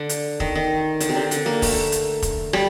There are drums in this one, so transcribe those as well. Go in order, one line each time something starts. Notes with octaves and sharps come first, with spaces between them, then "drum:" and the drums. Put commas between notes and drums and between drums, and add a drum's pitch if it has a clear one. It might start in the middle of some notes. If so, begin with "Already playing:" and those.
Already playing: D3
drum: hi-hat
D#3, drum: kick
D#3
D3, drum: hi-hat
C3
D3
D3, drum: hi-hat
A#3
A3, drum: kick, open hi-hat
drum: hi-hat
drum: kick, hi-hat
G3, drum: rim click